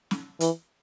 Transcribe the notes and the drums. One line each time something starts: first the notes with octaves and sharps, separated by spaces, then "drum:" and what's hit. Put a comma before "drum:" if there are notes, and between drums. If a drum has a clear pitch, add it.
drum: snare
E3, drum: hi-hat